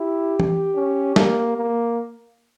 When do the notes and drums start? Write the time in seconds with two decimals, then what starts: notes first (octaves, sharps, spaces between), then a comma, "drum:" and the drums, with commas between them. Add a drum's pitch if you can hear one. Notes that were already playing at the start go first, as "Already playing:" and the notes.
Already playing: E4 G4
0.40 drum: tom
0.75 C#4
1.16 A#3, drum: snare
1.57 A#3